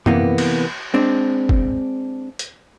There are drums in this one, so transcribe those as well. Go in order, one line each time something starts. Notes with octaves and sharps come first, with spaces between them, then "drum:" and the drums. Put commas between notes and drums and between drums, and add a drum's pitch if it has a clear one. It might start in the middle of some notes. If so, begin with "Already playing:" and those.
C3 E3 A#3 B3, drum: tom
drum: cymbal
G#3 C4 D4
drum: kick F#1
drum: hi-hat